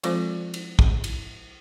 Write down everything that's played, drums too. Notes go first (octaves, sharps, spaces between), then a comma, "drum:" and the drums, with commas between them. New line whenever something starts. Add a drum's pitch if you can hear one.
F3 G#3 C4 F4 A4 C5, drum: cymbal
drum: cymbal
drum: kick
drum: cymbal